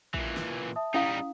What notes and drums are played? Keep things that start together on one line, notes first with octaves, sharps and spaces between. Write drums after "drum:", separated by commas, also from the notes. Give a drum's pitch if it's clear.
A#2 E3, drum: kick A1
drum: snare
E5 A5 D#6
G3 C#4 D#4 E4 F5 D#6